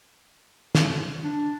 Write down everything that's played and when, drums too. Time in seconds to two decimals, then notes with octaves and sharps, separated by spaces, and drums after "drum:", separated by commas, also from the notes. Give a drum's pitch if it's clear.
0.75 drum: snare
1.24 D4